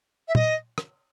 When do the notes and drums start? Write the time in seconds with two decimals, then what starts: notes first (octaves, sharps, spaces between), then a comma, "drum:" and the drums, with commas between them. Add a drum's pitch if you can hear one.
0.28 E5
0.35 D#5, drum: tom
0.78 drum: rim click